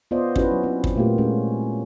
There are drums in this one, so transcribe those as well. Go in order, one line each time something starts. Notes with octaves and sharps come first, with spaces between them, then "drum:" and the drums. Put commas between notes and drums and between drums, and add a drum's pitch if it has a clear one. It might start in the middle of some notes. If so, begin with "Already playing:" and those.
B3 F4 C5 D5 D#5
C#4 E4 F#4 B4, drum: kick
F#3
C4 C#4
drum: kick
A#2 A3 A#3 F4 G4
G#3 C#4